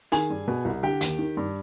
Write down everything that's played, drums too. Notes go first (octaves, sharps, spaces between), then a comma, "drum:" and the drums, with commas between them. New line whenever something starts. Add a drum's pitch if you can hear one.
D#3 G#4 G#5, drum: open hi-hat
G2
B2
C2
D3 G4 G5
D#2, drum: hi-hat
D#3
G2